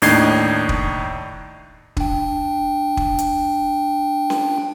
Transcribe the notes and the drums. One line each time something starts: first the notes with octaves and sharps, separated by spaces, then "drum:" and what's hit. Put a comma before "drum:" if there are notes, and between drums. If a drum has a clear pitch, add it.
D#2 A2 D4 D#4 G#6 C7, drum: open hi-hat
drum: kick
D4 G5, drum: kick
drum: kick
drum: hi-hat
drum: snare C#4